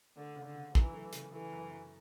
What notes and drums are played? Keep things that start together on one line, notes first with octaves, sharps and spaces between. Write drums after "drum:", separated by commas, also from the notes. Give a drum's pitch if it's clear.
D3 A3
C#3
D3
C#3
E3 F#3, drum: kick
A3
C#3, drum: hi-hat
E3 A3
F#2
F#2